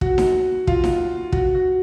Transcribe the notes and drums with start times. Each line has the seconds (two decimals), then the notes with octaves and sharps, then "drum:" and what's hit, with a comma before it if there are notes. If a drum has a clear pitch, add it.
0.01 F#4, drum: kick
0.18 drum: snare D#4
0.67 F4, drum: kick
0.84 drum: snare D#4
1.32 F#4, drum: kick
1.55 F#4